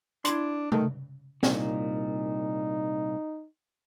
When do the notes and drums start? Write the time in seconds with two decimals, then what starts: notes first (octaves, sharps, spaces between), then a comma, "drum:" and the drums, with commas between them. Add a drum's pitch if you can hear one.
0.25 D4 E4 C6, drum: hi-hat
0.72 D#3 A3, drum: tom C3
1.43 C2 A#2 D#4, drum: snare